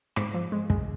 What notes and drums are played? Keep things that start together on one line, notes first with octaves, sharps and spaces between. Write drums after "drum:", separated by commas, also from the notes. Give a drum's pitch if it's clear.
G#2 D6, drum: rim click
F3
G#3
G#3, drum: kick